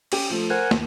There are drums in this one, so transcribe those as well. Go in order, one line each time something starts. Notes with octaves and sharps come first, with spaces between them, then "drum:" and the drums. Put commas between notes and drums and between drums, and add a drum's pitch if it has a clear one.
C#4 G4, drum: cymbal
F3 A3 F4
A#4 C5 F#5 G#5
D#2, drum: snare